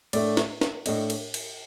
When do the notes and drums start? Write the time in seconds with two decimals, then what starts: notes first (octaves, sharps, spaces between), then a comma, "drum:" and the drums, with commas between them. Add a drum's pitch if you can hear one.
0.13 A2 A3 D4 D5, drum: cymbal
0.37 drum: snare
0.61 drum: snare
0.86 A2 A3 D4 D#5, drum: cymbal
1.10 drum: cymbal
1.34 drum: cymbal